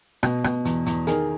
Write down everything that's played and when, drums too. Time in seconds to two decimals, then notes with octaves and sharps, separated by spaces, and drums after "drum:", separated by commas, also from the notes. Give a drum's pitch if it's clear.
0.23 B2, drum: rim click
0.44 B2, drum: rim click
0.65 E2, drum: hi-hat
0.86 E2, drum: hi-hat
1.07 D#3 G#4 A#4, drum: hi-hat